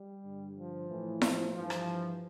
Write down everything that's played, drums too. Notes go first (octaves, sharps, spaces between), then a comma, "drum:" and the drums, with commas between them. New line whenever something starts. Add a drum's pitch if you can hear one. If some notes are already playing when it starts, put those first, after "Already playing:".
Already playing: G3
G2 D3
F3
A2 E3
F3, drum: snare E4
G2 E3 F3
drum: rim click